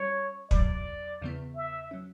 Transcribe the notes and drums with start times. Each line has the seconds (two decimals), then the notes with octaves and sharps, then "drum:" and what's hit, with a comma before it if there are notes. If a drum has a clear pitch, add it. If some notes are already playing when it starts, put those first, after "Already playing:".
Already playing: G3 C#4 F#4 C#5
0.51 E2 B2 F#3 D5, drum: kick
1.22 E2 C#3 E3 B3
1.56 E5
1.91 F#3 C#4